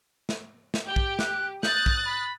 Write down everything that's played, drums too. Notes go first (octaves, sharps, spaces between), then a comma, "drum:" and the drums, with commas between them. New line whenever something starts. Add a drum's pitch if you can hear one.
drum: snare
drum: snare
G4 G5
drum: kick
F#6, drum: snare
D#6 F#6 G6 A6, drum: snare
drum: kick
B5